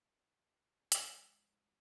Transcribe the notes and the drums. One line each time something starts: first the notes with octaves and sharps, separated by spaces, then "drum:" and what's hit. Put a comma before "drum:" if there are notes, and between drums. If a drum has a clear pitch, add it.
F3 G#3, drum: hi-hat